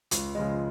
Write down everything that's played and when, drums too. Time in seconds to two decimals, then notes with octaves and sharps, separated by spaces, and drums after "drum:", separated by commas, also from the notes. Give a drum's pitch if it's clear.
0.11 C#2, drum: hi-hat
0.35 C#3 F3 G#3